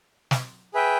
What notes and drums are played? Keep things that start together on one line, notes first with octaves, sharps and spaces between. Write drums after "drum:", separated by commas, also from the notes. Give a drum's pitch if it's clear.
drum: snare
G#4 B4 E5 G5